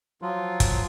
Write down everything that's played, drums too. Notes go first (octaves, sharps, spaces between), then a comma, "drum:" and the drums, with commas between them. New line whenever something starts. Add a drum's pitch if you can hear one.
F3 F#3 F4
drum: kick, hi-hat